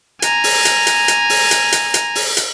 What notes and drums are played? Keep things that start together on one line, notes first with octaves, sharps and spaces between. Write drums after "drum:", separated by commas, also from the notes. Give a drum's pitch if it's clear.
G#5 A#5, drum: hi-hat
drum: open hi-hat
drum: hi-hat
drum: hi-hat
drum: hi-hat
drum: open hi-hat
drum: hi-hat
drum: hi-hat
drum: hi-hat
drum: open hi-hat
drum: hi-hat